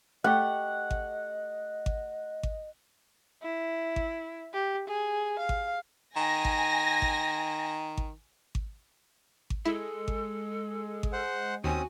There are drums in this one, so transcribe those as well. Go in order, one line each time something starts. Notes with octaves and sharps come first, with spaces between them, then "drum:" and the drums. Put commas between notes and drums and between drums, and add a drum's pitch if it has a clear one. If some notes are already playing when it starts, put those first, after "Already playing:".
A3 G4 D#5 F#5
drum: kick G#1
drum: kick G#1
drum: kick G#1
E4
drum: kick G#1
G4
G#4
F5
drum: kick G#1
D#3 G#5 A#6
drum: kick G#1
drum: kick G#1
drum: kick G#1
drum: kick G#1
drum: kick G#1
G#3 E4 A4
drum: kick G#1
drum: kick G#1
C5 F#5
D#2 C4 C#4 F#4 G#5 D#6